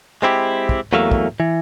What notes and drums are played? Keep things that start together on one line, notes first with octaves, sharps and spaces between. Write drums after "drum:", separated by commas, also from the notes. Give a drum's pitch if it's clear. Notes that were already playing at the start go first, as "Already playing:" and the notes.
G#3 C4 E4 G4
drum: kick
E2 F#3 A3 A#3 E5 F5
drum: kick
E3